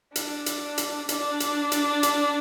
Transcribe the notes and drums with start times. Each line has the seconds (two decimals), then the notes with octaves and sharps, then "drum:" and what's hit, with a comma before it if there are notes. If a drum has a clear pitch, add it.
0.16 D4, drum: hi-hat
0.46 drum: hi-hat
0.78 drum: hi-hat
1.09 D4, drum: hi-hat
1.40 drum: hi-hat
1.72 drum: hi-hat
2.03 drum: hi-hat